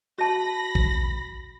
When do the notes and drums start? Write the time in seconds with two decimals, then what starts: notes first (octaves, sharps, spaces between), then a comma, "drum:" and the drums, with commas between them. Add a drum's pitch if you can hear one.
0.18 F#4 A5 B5 A#6
0.75 drum: kick A#1